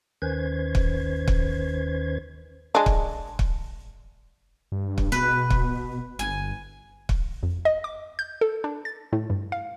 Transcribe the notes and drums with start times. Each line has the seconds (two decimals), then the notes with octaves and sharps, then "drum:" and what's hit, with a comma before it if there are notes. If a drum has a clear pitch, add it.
0.22 D#2 D#3 C#4 B4 C5 G#6
0.75 drum: kick
1.28 drum: kick
2.75 G#3 D4
2.86 drum: kick
3.39 drum: kick
4.72 G2
4.98 drum: kick
5.12 B2 B4
5.50 drum: kick
6.19 G1 G#5
7.09 drum: kick
7.43 F2
7.65 D#5
7.84 D6
8.19 G6
8.41 A4
8.64 D4
8.85 A6
9.13 A2
9.30 G2
9.52 F5